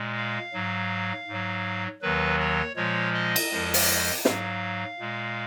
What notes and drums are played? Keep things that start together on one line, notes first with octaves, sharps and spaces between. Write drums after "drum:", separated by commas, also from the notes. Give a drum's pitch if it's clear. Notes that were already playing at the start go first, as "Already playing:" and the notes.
Already playing: A#2 G#3
F5
G#2 F#3
G#2
F#3
D#2 D#3 F#3 B4
C#5
A#2 F3 G#3 C#5
D#5
drum: cymbal
F2 F3 G#3
drum: open hi-hat
G#2 F#3 F5, drum: snare
A#2 G#3